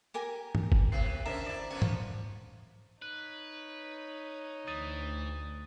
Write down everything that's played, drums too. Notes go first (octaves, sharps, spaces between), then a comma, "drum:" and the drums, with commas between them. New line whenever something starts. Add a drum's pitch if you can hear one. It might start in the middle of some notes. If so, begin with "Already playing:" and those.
G4 A#4 G#5
drum: tom G#2
drum: kick G1
C3 B3 C7
D3 C#4 D4 A#4 C5 E5 A#5
E4 D5
F3 B3 C#4 C#5 D6
drum: tom G#2
D#4 B4 C#5 F#6
D2 E3 D#6 A6 D#7